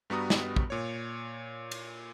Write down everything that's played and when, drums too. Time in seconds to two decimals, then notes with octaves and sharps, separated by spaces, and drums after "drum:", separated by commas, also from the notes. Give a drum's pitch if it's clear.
0.10 G2 G3 B3 F#4 A#5 D#6
0.30 drum: snare
0.56 drum: kick
0.70 A#2 C#5
1.71 drum: cymbal